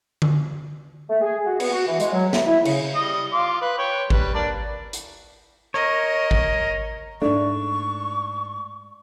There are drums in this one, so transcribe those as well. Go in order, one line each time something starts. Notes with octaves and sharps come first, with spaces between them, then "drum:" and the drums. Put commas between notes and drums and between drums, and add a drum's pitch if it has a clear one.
drum: tom D3
A3
G#4
F#4
B3, drum: cymbal
F#4
E3
G#3, drum: hi-hat
F#3
A3, drum: snare
E4
C#3, drum: cymbal
G3 D#5
F4 C6 D6
B4
C#5 G5
G3 B4, drum: kick G#1
A#3 D4 D5
drum: hi-hat
A#4 C#5 D#5
drum: kick G#1
G#2 A3 D4 C#6